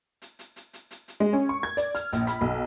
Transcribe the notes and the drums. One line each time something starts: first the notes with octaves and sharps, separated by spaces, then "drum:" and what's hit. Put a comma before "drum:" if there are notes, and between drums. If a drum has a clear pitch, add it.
drum: hi-hat
drum: hi-hat
drum: hi-hat
drum: hi-hat
drum: hi-hat
drum: hi-hat
G#3
C#4
C#6
G#6
D5, drum: hi-hat
F6, drum: hi-hat
A#1, drum: hi-hat
B5, drum: hi-hat
B1